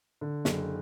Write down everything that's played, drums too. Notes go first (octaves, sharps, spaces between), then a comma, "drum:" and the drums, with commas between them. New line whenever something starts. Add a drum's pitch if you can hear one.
D3
F#1, drum: snare